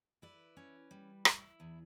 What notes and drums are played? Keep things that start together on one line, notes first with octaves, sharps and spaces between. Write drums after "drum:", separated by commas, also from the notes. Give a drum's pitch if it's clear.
E4 B4 D5
C#4
G3
E4, drum: rim click
E2